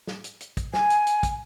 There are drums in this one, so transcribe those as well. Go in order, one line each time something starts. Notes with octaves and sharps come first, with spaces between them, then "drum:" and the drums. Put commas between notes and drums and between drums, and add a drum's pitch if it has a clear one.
drum: snare
drum: hi-hat
drum: hi-hat
drum: kick, hi-hat
G#5, drum: snare
drum: hi-hat
drum: hi-hat
drum: kick, hi-hat